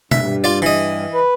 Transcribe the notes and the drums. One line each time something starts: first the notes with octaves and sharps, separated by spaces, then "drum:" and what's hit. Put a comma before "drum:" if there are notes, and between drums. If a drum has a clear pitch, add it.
G2 E5, drum: tom B2
F4 D5
E3 D#5
B4